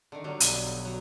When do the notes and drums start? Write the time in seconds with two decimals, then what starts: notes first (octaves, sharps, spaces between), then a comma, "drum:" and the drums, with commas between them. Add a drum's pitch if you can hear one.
0.12 D3 D#3
0.24 D3 F#3 G3
0.40 B1, drum: hi-hat
0.85 F#3